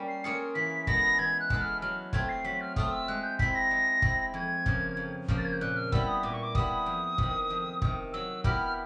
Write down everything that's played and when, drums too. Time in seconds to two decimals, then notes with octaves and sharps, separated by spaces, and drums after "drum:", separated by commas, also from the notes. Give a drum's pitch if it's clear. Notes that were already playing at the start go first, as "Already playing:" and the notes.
Already playing: G3 A#3 C#4
0.08 C7
0.24 A#3 C#4 F4 G#4 C#7
0.55 E3 B6
0.87 G#3 B3 E4 A4 A#6, drum: kick
1.19 E3 G#6
1.40 F#6
1.50 G#3 B3 E4 A4, drum: kick
1.61 F6
1.82 F#3 F6
2.13 A3 C4 F4 G#6, drum: kick
2.29 C7
2.44 F#3 B6
2.61 F6
2.76 A3 C4 F4 D#6, drum: kick
2.92 E6
3.08 G#3 F#6
3.23 G6
3.39 C4 E4 B6, drum: kick
3.55 A#6
3.71 G#3
4.02 C4 E4, drum: kick
4.34 F2 G#6
4.66 C#3 F3 A#3, drum: kick
4.97 F2
5.28 C#3 F3 A#3, drum: kick
5.38 A6
5.45 G#6
5.53 G6
5.61 A#2 F#6
5.77 F6
5.92 G3 B3 E4 E6, drum: kick
6.08 D#6
6.23 A#2 D6
6.34 C#6
6.43 D6
6.55 G3 B3 E4 D#6, drum: kick
6.86 F2
7.18 C3 D#3, drum: kick
7.50 F2
7.82 C3 D#3, drum: kick
8.13 F#3 E6
8.44 B3 E4 G4 A#4 F6, drum: kick